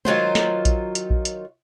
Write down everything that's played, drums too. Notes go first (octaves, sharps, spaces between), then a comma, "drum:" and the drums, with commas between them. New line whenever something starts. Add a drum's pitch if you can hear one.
D#3 F#3 F4 C5, drum: tom G#3
drum: snare
drum: kick A#1, hi-hat
drum: hi-hat
drum: kick A#1
drum: hi-hat